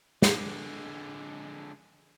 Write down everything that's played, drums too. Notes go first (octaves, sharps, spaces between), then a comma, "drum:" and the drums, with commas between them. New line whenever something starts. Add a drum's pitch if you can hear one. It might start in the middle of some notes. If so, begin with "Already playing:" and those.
D3 G#3, drum: snare